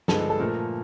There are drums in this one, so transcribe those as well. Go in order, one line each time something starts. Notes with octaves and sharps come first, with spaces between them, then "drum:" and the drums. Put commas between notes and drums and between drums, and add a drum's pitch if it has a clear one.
G2 D3 F3 G#3 A4, drum: snare
A4
A#2 F3 A3 A#4